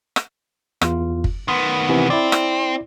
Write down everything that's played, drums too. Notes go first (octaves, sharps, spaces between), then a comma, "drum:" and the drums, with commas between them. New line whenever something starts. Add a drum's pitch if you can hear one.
drum: rim click
E2 F4, drum: rim click
drum: kick
D#3 B3 C6
C3 E3
C4 E4 D5
drum: rim click